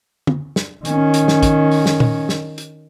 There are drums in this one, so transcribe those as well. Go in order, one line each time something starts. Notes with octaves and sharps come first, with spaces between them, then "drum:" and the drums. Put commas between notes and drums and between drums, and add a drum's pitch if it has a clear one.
drum: tom
drum: snare
D#3 C#4, drum: hi-hat
drum: hi-hat
drum: snare
drum: kick, hi-hat
drum: open hi-hat
drum: snare
drum: tom A#2
drum: snare
drum: hi-hat